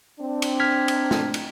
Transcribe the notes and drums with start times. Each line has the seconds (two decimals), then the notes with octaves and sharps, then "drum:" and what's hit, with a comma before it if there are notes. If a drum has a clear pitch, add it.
0.19 C4 D4
0.42 drum: cymbal
0.60 F6 G#6 B6
0.88 drum: cymbal
1.11 drum: snare
1.34 drum: cymbal